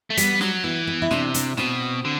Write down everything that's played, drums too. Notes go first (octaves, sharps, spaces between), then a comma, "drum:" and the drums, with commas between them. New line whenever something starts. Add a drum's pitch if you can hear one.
A3
G3 B3, drum: hi-hat
F#3, drum: snare
E3 B3
B3
E4
C3 D4, drum: snare
D4, drum: hi-hat
B2 C4, drum: snare
D3